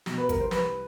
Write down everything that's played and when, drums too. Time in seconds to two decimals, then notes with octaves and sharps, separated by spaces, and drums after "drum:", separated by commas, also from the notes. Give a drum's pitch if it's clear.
0.06 B2, drum: snare
0.18 B4
0.29 C2 A#4, drum: kick G#1, hi-hat
0.40 C5
0.51 C2 B4, drum: snare